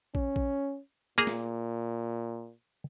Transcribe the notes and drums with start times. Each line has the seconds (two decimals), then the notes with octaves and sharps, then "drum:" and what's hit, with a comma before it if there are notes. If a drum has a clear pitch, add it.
0.15 C#4, drum: kick
0.36 drum: kick
1.18 A#2 A#3 G#4 A#5
1.27 drum: snare